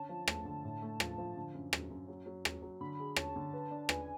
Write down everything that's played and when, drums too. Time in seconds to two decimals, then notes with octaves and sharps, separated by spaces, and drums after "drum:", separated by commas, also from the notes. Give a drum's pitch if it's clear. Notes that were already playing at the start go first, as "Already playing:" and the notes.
Already playing: D3 C#4 A5
0.09 F3
0.28 A3, drum: rim click
0.45 D3
0.64 A2
0.82 A3
1.00 F3, drum: rim click
1.18 F3
1.36 D3
1.54 F#2
1.73 F#3, drum: rim click
1.90 F#2
2.08 F#3
2.26 F#3
2.45 F#3, drum: rim click
2.62 F#3
2.81 D3 B5
3.00 G#4
3.16 C#4 A5, drum: rim click
3.36 D3
3.53 B4
3.71 D4
3.89 B4 G#5, drum: rim click